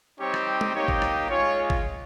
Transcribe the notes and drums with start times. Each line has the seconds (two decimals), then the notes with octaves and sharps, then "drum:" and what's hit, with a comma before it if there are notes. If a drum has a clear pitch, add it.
0.20 G3 C4 D#4 G4 C#5
0.34 drum: rim click
0.61 drum: tom
0.75 A#3 D#4 G4 C#5
0.88 drum: kick G#1
1.02 drum: rim click
1.29 G#3 C#4 F4 C#5
1.70 drum: kick G#1